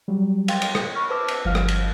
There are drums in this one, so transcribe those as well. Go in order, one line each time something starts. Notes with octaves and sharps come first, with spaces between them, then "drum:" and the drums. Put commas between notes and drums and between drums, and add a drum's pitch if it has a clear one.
F#3 G3
F5 G5 C6 A6, drum: cymbal
drum: cymbal
drum: rim click
B5 C#6 F6
B4 C5 A5 D6 E6 F6
drum: cymbal
G1 F3 F5 F6
drum: rim click
drum: cymbal